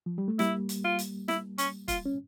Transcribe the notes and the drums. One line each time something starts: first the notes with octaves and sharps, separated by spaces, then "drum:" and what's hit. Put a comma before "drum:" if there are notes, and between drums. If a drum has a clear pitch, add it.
F3
G3
A3
G3 A#3 E4, drum: snare
drum: hi-hat
F4
drum: hi-hat
E4, drum: snare
C#4, drum: hi-hat
F4, drum: kick, hi-hat
C#4